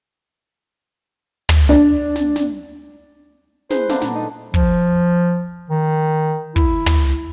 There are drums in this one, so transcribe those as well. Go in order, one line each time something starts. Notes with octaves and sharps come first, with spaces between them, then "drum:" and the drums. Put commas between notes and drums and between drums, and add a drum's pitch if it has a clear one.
drum: tom
D4
drum: snare
drum: snare
E4 G#4 B4 C5, drum: snare
D3 B3 D4 E5 F5 A#5, drum: snare
A#2 F#5, drum: snare
D#4
F3, drum: kick
D#3
E4, drum: kick
drum: tom